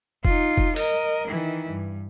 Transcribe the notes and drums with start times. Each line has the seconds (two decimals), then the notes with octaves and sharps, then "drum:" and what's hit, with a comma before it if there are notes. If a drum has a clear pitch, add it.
0.25 D#4 F4, drum: kick F1
0.57 drum: kick F1
0.76 A#4 D#5, drum: open hi-hat
1.28 D#3 E3
1.70 G2